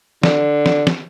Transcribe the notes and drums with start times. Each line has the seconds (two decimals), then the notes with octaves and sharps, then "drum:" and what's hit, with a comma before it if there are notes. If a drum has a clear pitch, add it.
0.23 D3, drum: snare
0.66 drum: snare
0.87 drum: snare